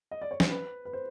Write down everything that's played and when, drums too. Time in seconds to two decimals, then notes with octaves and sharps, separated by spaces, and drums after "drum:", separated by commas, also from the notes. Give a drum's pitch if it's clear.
0.11 D#5
0.22 D5
0.31 C#5
0.40 C5, drum: snare
0.50 B4
0.85 B4
0.93 C5